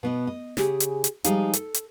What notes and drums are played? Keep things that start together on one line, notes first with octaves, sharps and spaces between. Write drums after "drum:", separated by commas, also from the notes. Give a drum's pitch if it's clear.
B2 B3 D#5
D#5
C#3 G4 G#4, drum: snare
drum: hi-hat
drum: hi-hat
F3 G3 G#3 D#4 D#5 F5, drum: hi-hat
A4, drum: hi-hat
drum: hi-hat